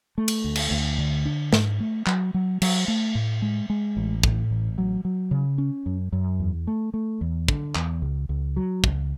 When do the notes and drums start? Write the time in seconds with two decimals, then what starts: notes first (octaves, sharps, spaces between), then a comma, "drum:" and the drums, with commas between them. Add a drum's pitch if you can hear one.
0.18 A3
0.28 drum: cymbal
0.44 D2
0.56 drum: cymbal
0.71 D2
0.99 D3
1.25 D4
1.53 G#2, drum: snare
1.80 A3
2.07 F#3, drum: clap
2.34 F#3
2.62 F#3, drum: cymbal
2.88 A3
3.15 A2
3.42 G#3
3.70 G#3
3.97 A1
4.23 A2, drum: kick
4.51 A1
4.78 F#3
5.05 F#3
5.31 C#3
5.58 C#4
5.86 F#2
6.12 F#2
6.40 E2
6.67 A3
6.94 A3
7.21 E2
7.48 D3, drum: kick
7.75 E2, drum: clap
8.02 C#2
8.29 C#2
8.56 F#3
8.84 C#2, drum: kick